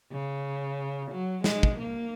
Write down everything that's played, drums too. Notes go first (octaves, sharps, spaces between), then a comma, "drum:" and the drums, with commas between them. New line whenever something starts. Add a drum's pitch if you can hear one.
C#3
F#3
G#3, drum: snare
drum: kick
A#3